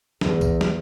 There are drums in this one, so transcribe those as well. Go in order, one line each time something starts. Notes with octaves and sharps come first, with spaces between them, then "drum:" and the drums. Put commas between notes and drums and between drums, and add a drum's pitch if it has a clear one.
E2, drum: snare
drum: kick, tambourine
drum: snare